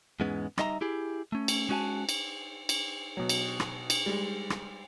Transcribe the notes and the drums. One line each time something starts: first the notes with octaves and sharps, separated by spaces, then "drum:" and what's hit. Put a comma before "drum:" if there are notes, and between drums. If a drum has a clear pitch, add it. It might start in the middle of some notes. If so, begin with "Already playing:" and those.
E2 G#2 G#3 B3 C#4
G3 D#4 D#5 E5 A#5, drum: rim click
E4 G4 G#4
A3 C#4
drum: cymbal
G#3 C#4 F#4 D#5 G#5 A5
drum: cymbal
drum: cymbal
B2 F#3
drum: cymbal
drum: rim click
drum: cymbal
G3 G#3
drum: rim click